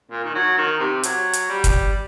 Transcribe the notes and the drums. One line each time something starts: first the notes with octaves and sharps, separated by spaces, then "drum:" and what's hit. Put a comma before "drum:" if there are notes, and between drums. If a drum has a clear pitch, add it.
A#2
D#3
F#3
D#3
C3
F#3, drum: hi-hat
drum: hi-hat
G3
drum: kick, hi-hat